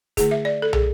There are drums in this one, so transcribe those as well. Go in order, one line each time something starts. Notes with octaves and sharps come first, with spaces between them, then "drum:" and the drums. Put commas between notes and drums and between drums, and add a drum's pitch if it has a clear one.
D3 A3 E4 G#4, drum: kick, hi-hat
E5
D5
A4
G#4, drum: tom